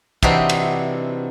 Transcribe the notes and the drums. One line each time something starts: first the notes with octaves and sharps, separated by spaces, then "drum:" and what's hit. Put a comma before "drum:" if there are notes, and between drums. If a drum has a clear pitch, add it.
C3 E3 C4 D4 D#4 F#4, drum: kick
drum: cymbal